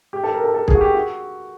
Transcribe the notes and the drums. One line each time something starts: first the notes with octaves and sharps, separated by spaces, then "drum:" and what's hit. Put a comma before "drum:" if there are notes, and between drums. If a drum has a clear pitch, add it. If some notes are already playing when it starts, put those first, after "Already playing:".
G4
A4
A#4
A4
A4
G#4, drum: kick
F#4
G4
F#4